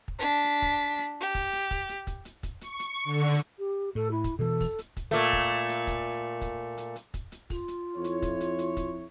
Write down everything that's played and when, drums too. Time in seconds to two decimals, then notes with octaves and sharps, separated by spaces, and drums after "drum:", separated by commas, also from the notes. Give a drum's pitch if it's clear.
0.08 drum: kick
0.19 D4 B6
0.44 drum: hi-hat
0.62 drum: kick, hi-hat
0.98 drum: hi-hat
1.20 G4
1.35 drum: kick, hi-hat
1.53 drum: hi-hat
1.71 drum: kick, open hi-hat
1.89 drum: hi-hat
2.07 drum: kick, hi-hat
2.25 drum: hi-hat
2.43 drum: kick, hi-hat
2.61 C#6, drum: hi-hat
2.79 drum: hi-hat
3.04 D3
3.34 drum: hi-hat
3.59 G4
3.95 A2 A4
4.11 E4
4.24 drum: kick, hi-hat
4.39 B2 E3 A4
4.60 drum: kick, open hi-hat
4.79 drum: hi-hat
4.97 drum: kick, hi-hat
5.11 A#2 A3
5.33 drum: kick
5.51 drum: hi-hat
5.69 drum: hi-hat
5.87 drum: kick, hi-hat
6.41 drum: kick, hi-hat
6.78 drum: hi-hat
6.96 drum: hi-hat
7.14 drum: kick, hi-hat
7.32 drum: hi-hat
7.50 F4, drum: kick, open hi-hat
7.68 drum: hi-hat
7.95 F2 E4 C#5
8.04 drum: hi-hat
8.22 drum: kick, hi-hat
8.40 drum: hi-hat
8.59 drum: hi-hat
8.77 drum: kick, hi-hat